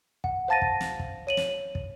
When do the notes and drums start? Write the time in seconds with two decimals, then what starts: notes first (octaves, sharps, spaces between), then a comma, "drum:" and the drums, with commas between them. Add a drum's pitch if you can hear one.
0.24 F#5, drum: kick
0.48 C5 F5 A5 A6 A#6 D#7
0.62 drum: kick
0.81 drum: snare
0.99 drum: kick
1.27 C#5 D#7 F#7
1.37 drum: snare
1.75 drum: kick